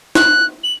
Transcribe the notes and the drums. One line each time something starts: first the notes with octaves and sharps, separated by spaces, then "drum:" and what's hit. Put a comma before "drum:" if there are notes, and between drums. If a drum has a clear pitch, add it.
F#6, drum: snare
F#7